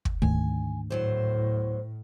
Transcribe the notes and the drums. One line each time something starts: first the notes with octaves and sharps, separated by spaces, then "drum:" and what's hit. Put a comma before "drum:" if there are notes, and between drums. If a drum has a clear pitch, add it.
drum: kick
D2 G#2 D#3 A3 D4 G#5
E2 A2 F#3 C5